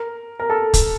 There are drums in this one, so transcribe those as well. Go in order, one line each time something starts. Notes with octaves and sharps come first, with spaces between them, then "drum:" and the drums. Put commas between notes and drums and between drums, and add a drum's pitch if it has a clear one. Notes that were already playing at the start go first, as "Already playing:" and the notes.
Already playing: A#4
A#4
A4
drum: kick, hi-hat